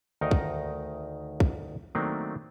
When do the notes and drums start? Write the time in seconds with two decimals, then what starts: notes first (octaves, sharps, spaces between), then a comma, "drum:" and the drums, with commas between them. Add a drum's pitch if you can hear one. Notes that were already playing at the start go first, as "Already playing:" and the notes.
0.21 D2 D#3 D#4 A#4 D#5
0.31 drum: kick
1.40 drum: kick
1.95 D#3 F#3 A3 A#3 C4 D4